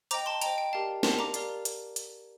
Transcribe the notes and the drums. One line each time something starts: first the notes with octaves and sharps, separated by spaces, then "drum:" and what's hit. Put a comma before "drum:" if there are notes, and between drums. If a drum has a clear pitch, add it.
C5 D#5 G5 A#5 D6, drum: hi-hat
A5 C6
C5 D#5 G5 A#5, drum: hi-hat
G5
G4 A#4 D5 F5 A5
G4 A#4 D5 F5 A5 C6, drum: snare
A#5 D6
G4 A#4 D5 F5, drum: hi-hat
drum: hi-hat
drum: hi-hat